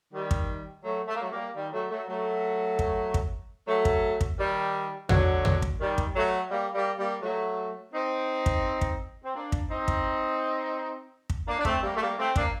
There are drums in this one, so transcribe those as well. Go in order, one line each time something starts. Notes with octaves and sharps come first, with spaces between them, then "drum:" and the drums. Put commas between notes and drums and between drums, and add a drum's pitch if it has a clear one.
D#3 G3
drum: kick
F#3 A3
A3
A#3
F#3 A3
G3 A#3
D#3 G3
F#3 A3
F#3 A3
F#3 A3
drum: kick
drum: kick
F#3 A3
drum: kick
drum: kick
D#3 G3
D3 F#3, drum: tom
drum: tom
drum: kick
D#3 G3
drum: kick
F#3 A3
G3 A#3
G3 A#3
G3 A#3
F#3 A3
C4 D#4
drum: kick
drum: kick
C4
A#3 D4
drum: kick
C4 D#4
drum: kick
drum: kick
A#3 D4
D4
A3 C4, drum: kick
G3 A#3
A3
G3 A#3
A3 C4
A#3 D4, drum: kick